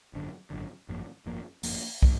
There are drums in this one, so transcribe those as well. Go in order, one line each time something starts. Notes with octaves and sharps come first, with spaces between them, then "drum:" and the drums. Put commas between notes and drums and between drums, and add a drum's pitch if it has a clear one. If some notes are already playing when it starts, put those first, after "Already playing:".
G#1 F#2 D3
G#1 F#2 D3
G#1 F#2 F3 A#3
G#1 F#2 F3 A#3
G#1 F#2 F3 A#3, drum: open hi-hat
F3 A#3, drum: kick